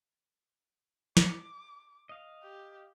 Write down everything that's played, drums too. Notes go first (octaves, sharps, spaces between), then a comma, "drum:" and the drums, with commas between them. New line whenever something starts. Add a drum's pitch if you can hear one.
D6, drum: snare
D#5 F5
G4